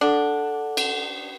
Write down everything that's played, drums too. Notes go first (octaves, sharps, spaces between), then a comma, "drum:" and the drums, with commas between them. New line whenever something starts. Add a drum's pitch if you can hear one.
D4 A4 F#5
drum: cymbal